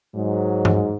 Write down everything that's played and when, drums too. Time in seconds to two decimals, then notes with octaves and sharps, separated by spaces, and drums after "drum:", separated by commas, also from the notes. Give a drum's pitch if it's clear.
0.15 G#2 F#3
0.65 drum: tom G2